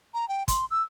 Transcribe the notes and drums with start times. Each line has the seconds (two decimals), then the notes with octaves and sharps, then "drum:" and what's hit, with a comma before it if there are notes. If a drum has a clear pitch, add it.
0.14 A#5
0.28 G5
0.48 C6, drum: kick, hi-hat
0.71 E6